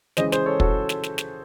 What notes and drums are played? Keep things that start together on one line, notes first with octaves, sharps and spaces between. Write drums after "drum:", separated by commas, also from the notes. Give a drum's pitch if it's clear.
C#3 E3 G#3 C#4 C5 D#5, drum: snare
G#4 C5, drum: snare
A4 C#5
F#4 A4, drum: kick
drum: snare
drum: snare
drum: snare